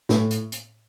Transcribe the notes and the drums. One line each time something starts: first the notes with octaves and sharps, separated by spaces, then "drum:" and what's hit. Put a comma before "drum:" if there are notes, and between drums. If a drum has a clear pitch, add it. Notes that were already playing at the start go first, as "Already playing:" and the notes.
A2, drum: snare
drum: hi-hat
drum: hi-hat